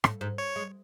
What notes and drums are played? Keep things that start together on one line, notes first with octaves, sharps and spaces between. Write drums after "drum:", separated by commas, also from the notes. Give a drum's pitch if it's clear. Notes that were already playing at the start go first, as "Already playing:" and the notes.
A2, drum: rim click
G#2
C#5
G#3